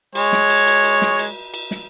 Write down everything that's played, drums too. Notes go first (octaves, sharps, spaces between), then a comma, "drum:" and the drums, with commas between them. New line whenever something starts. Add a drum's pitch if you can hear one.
G#3 C#5, drum: cymbal
drum: snare
drum: cymbal
drum: cymbal
drum: cymbal
drum: snare
drum: cymbal
drum: cymbal
drum: snare